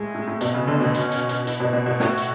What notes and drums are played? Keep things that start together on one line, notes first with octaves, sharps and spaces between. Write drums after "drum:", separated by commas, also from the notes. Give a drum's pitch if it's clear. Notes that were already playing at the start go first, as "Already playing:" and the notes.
Already playing: A2 G#3
A2
A2
B2 B3, drum: hi-hat
C#3
D3
B2
C#4, drum: hi-hat
drum: hi-hat
drum: hi-hat
E4, drum: hi-hat
B2
B2
B2
A2 F#4, drum: snare
drum: hi-hat